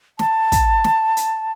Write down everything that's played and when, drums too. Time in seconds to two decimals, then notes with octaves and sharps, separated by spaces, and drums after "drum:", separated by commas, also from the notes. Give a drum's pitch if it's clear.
0.19 A5, drum: snare
0.52 drum: kick, hi-hat
0.84 drum: snare
1.17 drum: hi-hat